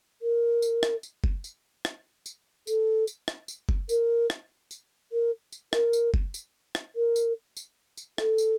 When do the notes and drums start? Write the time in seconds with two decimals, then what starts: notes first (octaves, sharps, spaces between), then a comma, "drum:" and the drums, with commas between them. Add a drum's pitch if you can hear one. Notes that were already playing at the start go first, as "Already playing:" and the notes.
0.22 A#4
0.62 drum: tambourine
0.83 drum: rim click
1.03 drum: tambourine
1.24 drum: kick F#1
1.44 drum: tambourine
1.85 drum: rim click
2.26 drum: tambourine
2.67 A4, drum: tambourine
3.07 drum: tambourine
3.28 drum: rim click
3.48 drum: tambourine
3.69 drum: kick F#1
3.89 A#4, drum: tambourine
4.30 drum: rim click
4.71 drum: tambourine
5.12 A#4
5.52 drum: tambourine
5.73 A#4, drum: rim click
5.93 drum: tambourine
6.14 drum: kick F#1
6.34 drum: tambourine
6.75 drum: rim click
6.95 A#4
7.16 drum: tambourine
7.57 drum: tambourine
7.97 drum: tambourine
8.18 A4, drum: rim click
8.38 drum: tambourine